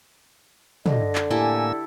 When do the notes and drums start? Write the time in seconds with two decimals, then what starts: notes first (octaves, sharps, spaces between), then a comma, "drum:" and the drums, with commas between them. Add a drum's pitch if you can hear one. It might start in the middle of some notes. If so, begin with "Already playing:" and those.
0.86 D3 D#5, drum: tom
1.15 drum: clap
1.30 A2 A#3 E4 G4 A4 G#5 E6